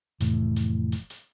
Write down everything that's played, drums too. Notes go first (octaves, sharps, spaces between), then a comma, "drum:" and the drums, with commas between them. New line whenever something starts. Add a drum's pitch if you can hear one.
F1 A2 E3, drum: hi-hat
drum: hi-hat
drum: hi-hat
drum: hi-hat